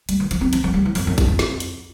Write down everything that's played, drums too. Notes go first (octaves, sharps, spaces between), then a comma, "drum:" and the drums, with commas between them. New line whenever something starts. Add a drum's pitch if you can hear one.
G3, drum: hi-hat
E3
F3, drum: hi-hat
C4
F3, drum: hi-hat
F3
G3
E3
F2, drum: open hi-hat
F2
E2, drum: kick A1, hi-hat
F2
F2, drum: snare
drum: hi-hat